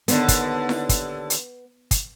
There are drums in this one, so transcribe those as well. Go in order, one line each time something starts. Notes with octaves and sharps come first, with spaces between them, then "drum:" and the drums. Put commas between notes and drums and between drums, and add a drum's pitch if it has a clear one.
D#2 D3 B3, drum: hi-hat
drum: kick, hi-hat
drum: snare E4
drum: kick, hi-hat
drum: hi-hat
drum: kick, hi-hat